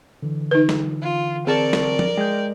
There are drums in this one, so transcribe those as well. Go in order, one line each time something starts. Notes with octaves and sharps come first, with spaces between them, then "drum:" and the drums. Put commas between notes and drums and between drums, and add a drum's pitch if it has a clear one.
D3 E3
D#4 B4
drum: snare
F4
C4 G#4 A#4 D5 A5 C#6
drum: snare
drum: tom
G#3 G5 G6